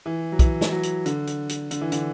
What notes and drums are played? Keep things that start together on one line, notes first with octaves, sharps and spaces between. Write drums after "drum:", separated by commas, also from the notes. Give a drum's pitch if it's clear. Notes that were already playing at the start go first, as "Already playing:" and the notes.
E3
F#3
E3, drum: kick, hi-hat
drum: snare
F#3
drum: hi-hat
D3, drum: hi-hat
drum: hi-hat
drum: hi-hat
D3, drum: hi-hat
E3
D3, drum: hi-hat